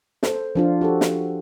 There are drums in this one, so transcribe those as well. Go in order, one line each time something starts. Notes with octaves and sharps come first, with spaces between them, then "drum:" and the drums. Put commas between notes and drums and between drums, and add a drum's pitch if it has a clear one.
A4 C5, drum: snare
F3 D4 F4
F#4 G4 A4
drum: snare